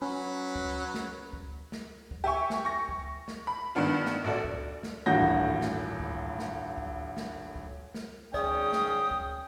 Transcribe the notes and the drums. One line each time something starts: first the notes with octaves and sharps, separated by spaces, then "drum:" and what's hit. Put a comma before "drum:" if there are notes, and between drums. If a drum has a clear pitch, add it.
F#3 C#4 B4
drum: kick C#2
drum: snare
drum: kick C#2
drum: snare
drum: kick C#2
G4 E5 G#5 C#6
drum: snare
C#6 A#6
drum: kick C#2
drum: snare
B5
G2 D#3 B3 D4 F4
drum: snare
A#1 F#4 A4 D5
drum: kick C#2
drum: snare
D#1 A1 G2 F#4 G6 A#6
drum: kick C#2
drum: snare
drum: kick C#2
drum: snare
drum: kick C#2
drum: snare
drum: kick C#2
drum: snare
G#1 C#4 G#4 D5 G5 D#6, drum: kick C#2
drum: snare
drum: kick C#2